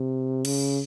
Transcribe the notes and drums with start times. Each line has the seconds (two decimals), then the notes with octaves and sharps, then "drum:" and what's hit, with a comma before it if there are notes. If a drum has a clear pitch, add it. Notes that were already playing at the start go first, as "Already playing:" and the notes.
Already playing: C3
0.45 C#3, drum: cymbal